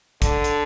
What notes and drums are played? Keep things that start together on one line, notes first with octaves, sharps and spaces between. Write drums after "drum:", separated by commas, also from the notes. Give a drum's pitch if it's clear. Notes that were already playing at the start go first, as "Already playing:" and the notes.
D3, drum: kick, hi-hat
drum: hi-hat